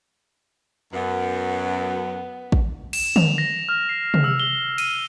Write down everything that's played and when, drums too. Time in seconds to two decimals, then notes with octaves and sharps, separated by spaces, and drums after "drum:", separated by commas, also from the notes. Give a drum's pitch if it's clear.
0.93 F#2 B3
2.52 drum: kick A1
2.93 E7, drum: cymbal
3.16 F7, drum: tom
3.38 A#6
3.69 F6
3.89 C7
4.14 drum: tom
4.24 E6
4.40 G7
4.78 D#7, drum: cymbal